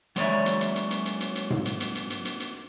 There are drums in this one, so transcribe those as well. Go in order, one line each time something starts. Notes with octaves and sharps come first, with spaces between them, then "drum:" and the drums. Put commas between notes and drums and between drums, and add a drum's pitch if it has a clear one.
F#3 G#3 C#5 D5 E5, drum: hi-hat
drum: hi-hat
drum: hi-hat
drum: hi-hat
drum: hi-hat
drum: hi-hat
drum: hi-hat
drum: hi-hat
drum: tom G#2
drum: hi-hat
drum: hi-hat
drum: hi-hat
drum: hi-hat
drum: hi-hat
drum: hi-hat